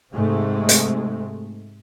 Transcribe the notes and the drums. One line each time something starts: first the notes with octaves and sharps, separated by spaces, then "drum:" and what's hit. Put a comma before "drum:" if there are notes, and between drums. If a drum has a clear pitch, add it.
G#2 C3 G#3 A3
drum: hi-hat